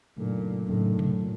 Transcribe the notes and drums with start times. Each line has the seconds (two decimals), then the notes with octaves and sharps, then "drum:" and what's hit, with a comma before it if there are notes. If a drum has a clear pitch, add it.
0.17 F#1 F#2 A#2 D#3 A3 D4
0.67 F#1 F#2 A2 D#3 A3 D4
0.99 drum: tom B2
1.20 A#2